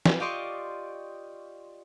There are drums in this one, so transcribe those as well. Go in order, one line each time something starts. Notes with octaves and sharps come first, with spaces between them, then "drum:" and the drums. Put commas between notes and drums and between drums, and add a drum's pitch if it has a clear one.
drum: snare
F4 G4 D5 D#5 C6 C#6